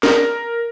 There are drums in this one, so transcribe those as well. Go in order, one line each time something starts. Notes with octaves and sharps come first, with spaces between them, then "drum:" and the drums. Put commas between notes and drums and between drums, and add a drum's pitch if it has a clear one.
A#4, drum: snare